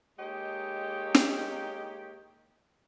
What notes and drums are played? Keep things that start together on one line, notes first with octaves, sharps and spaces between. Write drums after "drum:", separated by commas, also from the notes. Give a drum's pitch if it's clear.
G#3 A#3 D#4 G4 C#5 D#5
drum: snare